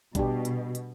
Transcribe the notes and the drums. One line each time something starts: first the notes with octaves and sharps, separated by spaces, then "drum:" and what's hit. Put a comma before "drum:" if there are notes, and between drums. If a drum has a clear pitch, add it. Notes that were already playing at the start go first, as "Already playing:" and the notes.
B2 G3 D4 G4, drum: kick, hi-hat
drum: hi-hat
drum: hi-hat